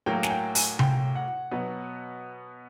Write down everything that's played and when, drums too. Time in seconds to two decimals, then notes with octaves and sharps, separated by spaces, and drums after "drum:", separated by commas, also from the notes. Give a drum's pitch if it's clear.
0.06 A2 F#3 A#3 G5
0.23 G#5, drum: snare
0.30 G5
0.55 G#5, drum: open hi-hat
0.79 G5, drum: tom C3
1.15 F#5
1.51 B2 F#3 B3